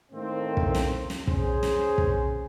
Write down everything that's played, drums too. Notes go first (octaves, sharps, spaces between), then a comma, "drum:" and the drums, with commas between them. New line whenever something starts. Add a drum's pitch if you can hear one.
A2 D#3 A3 A#3 C4
drum: kick
drum: snare
drum: snare
C#4 G#4 C5, drum: kick
drum: snare
drum: kick